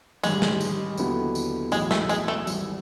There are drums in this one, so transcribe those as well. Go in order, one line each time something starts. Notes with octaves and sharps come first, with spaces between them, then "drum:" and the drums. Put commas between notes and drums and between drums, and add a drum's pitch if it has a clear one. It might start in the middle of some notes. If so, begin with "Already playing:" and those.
A1 G2 D#3 G#3, drum: tambourine
drum: snare
drum: tambourine
D#2 D3 F#3 B3 E4, drum: tambourine
drum: tambourine
B1 A2 E3 G#3, drum: tambourine
A3, drum: snare
G#3, drum: tambourine
A3
G#1 G2 E3, drum: tambourine